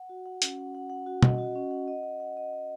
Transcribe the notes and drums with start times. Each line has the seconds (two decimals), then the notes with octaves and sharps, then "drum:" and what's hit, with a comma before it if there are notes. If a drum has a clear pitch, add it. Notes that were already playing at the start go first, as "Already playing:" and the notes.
Already playing: F#5
0.09 F#4
0.26 F#5
0.42 C#4, drum: hi-hat
0.58 F#5
0.75 F#5
0.90 F#5
1.06 F#4
1.23 D#5, drum: tom
1.38 F#4
1.55 C#4
1.71 F#5
1.88 D#5
2.03 F#5
2.20 F#5
2.37 D#5
2.53 F#5